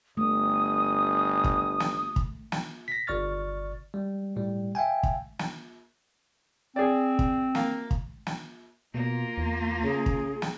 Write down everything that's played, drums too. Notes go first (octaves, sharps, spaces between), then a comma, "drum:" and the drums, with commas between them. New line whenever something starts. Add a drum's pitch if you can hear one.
G1 A3 D#6
drum: kick
drum: snare
drum: kick
drum: snare
A#6 B6
G1 D5 C#6 F6 A6
G3
A2 G3
E5 F5 G5 G#5
drum: kick
drum: snare
C4 G#4 D5
drum: kick
A#3, drum: snare
drum: kick
drum: snare
B2 A#3 F4
E2
C#3 G#4
drum: kick
drum: snare